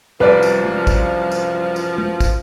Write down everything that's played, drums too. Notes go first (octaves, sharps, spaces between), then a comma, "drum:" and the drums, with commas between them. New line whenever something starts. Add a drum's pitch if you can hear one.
C2 F#2 E3 F3 B4 D5
drum: tambourine
drum: tom
drum: kick, tambourine
drum: tambourine
drum: tambourine
drum: tom
drum: kick, tambourine